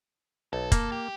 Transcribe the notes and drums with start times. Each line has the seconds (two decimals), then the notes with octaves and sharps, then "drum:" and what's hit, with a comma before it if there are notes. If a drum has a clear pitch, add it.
0.53 B1 A4
0.72 A#3, drum: kick, hi-hat
0.92 G4